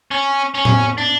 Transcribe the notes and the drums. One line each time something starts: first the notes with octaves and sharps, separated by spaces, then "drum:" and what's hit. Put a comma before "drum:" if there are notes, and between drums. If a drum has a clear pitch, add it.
C#4
C#4
drum: tom A2
D4